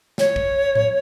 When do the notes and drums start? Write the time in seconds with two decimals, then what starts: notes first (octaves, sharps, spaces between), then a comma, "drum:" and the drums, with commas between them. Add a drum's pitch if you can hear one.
0.18 C#5, drum: snare
0.36 drum: kick
0.75 drum: tom A2